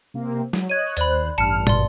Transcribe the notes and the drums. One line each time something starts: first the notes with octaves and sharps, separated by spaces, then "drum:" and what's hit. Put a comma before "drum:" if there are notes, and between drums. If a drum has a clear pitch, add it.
C3 A#3 C4
F#3, drum: snare
C#5 D#5 F#6 G#6 D#7
D#2 C5 D5 B5 F#6, drum: hi-hat
A1 G2 A5 F6 C#7
G#1 G2 B2 D5 C6, drum: tom